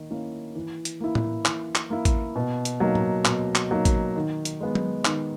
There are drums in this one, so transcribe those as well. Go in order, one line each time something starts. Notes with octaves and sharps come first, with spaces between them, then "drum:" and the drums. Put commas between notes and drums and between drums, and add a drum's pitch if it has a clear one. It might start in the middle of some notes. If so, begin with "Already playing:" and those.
Already playing: D#3 A#3
A#3 C#4 E4
E3
drum: hi-hat
A#3 E4
drum: tom A2
E3, drum: clap
drum: clap
A#3 E4
drum: kick A1, hi-hat
B2
drum: hi-hat
F#3 A#3 D#4
drum: tom A2
B2, drum: clap
drum: clap
F#3 A#3 D#4
drum: kick A1, hi-hat
D#3
drum: hi-hat
G#3 B3
drum: tom F#3
D#3, drum: clap